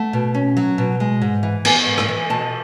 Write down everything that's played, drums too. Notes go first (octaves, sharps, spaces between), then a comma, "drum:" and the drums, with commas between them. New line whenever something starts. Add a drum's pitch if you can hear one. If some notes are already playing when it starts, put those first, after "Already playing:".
Already playing: A3 F#5
B2
C#4
F#3
B2
G#3
G#2
E3
B3 G#5, drum: cymbal
G#2
G#5, drum: rim click
E3
B2 A5